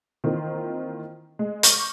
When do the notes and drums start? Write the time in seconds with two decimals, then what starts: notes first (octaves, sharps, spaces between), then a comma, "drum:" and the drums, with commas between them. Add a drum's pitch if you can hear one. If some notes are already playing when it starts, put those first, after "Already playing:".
0.24 D#3 E3 A#3 C4 F4
1.39 G#3
1.63 C#6 D6 F6 G6 A#6, drum: hi-hat